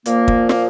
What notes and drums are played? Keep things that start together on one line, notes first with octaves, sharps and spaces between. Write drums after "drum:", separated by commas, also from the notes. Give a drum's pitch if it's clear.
A#2 F3 A#3, drum: hi-hat
drum: kick
A#3, drum: snare